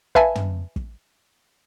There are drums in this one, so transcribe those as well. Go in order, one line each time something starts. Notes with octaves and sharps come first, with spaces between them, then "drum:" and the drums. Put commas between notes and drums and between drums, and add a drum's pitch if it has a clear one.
B4 E5 F5 G#5 A5 B5, drum: kick
drum: tom
drum: kick